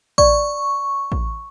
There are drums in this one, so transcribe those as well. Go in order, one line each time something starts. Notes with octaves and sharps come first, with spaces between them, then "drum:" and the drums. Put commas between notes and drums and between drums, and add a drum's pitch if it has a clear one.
D5 C#6, drum: kick A1
drum: kick A1